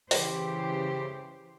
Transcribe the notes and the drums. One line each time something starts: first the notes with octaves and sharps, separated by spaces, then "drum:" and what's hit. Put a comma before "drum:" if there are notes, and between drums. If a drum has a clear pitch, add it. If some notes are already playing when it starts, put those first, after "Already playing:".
C#3 E3 G4 C5, drum: open hi-hat